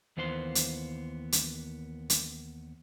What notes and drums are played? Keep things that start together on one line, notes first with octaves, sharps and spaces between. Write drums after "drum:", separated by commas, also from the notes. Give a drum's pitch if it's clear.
D#2 E3 B3 C5 F5 C6
drum: hi-hat
drum: hi-hat
drum: hi-hat